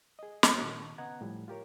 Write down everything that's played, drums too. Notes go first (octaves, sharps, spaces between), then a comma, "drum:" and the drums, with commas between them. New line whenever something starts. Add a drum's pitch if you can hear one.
G#4 D#5
C#2 C#5 D#5 A#5 D#6 F#6, drum: snare
A#2 D#3 A5 C#6
C#3 B3 D#5 F#5 A#5 G#6
A2 F3 G3
F4 G4 A#4 C#5